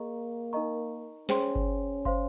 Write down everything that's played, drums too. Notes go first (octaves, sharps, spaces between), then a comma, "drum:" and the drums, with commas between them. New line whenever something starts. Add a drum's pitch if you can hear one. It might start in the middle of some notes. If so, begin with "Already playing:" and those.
Already playing: A#3 G#4 D#5 A#5 C#6
D#4 A#4 D#5 A#5 C#6
C#4 G#4 C5 G5 C6, drum: snare
drum: kick G1
C5 F5 C6, drum: kick G1